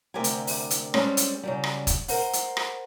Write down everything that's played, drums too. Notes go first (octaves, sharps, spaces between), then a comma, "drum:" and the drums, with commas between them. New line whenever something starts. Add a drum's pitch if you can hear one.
D2 C3 G4 A#4 G#5
drum: hi-hat
drum: open hi-hat
drum: hi-hat
G3 G#3 C4 C#4 A4, drum: rim click
drum: hi-hat
C#3 F#3 G3
drum: rim click
drum: kick, hi-hat
A#4 C5 F#5, drum: open hi-hat
drum: hi-hat
drum: rim click